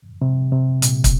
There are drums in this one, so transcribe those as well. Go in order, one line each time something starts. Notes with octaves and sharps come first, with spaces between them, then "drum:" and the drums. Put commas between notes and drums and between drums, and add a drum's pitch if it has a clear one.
C3
C3
A#2, drum: hi-hat
drum: kick, hi-hat